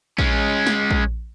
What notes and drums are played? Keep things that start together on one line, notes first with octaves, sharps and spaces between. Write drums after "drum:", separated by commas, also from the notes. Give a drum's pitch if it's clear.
G#3 C#4, drum: kick A#1
drum: snare
drum: kick A#1